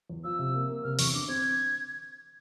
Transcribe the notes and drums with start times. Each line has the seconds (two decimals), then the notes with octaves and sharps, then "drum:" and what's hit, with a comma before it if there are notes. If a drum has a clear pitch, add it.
0.09 E2
0.24 F3 E6
0.39 C3
0.54 A#3
0.69 A#3
0.84 C3 F6
0.99 E2 C#6, drum: open hi-hat
1.14 D3 D6
1.28 C4 G#6